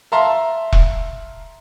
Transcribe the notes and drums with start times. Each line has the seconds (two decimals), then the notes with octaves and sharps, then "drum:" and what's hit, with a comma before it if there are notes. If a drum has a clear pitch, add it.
0.12 E5 F5 A5 A#5 C6
0.72 drum: kick E1